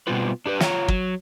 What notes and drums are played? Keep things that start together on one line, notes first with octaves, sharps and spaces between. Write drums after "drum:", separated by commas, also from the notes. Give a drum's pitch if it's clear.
B2 G3 B3 C4 F4 B4
D4 G4 A#4 B4
F4 C#5 F#5 A#5, drum: snare
F#3, drum: kick